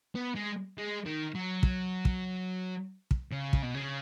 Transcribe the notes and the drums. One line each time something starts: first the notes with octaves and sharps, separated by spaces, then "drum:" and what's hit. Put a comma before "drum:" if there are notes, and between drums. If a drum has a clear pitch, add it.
B3
G#3
G#3
D#3
F#3
drum: kick
drum: kick
drum: kick
C#3
drum: kick
B2
C#3